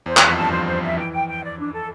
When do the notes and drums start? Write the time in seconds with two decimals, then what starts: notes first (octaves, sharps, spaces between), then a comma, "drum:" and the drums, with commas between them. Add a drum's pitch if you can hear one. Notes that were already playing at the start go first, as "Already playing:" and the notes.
0.06 E2 C5
0.17 E2 E5, drum: clap
0.28 F2
0.36 G2 A5
0.51 F3 C5
0.66 C5
0.81 E5
0.97 E3 G5
1.12 G5
1.28 G5
1.43 D5
1.59 D4
1.73 A4